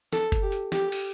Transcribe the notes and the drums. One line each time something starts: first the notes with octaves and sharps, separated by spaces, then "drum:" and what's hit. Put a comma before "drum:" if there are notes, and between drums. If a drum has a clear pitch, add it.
A4, drum: snare
drum: kick F#1, hi-hat
G4
drum: hi-hat
G4, drum: snare
drum: open hi-hat